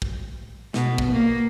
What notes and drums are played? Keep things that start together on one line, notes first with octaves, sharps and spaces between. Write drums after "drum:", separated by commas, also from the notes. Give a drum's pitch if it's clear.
drum: kick
B2, drum: snare
drum: kick
A#3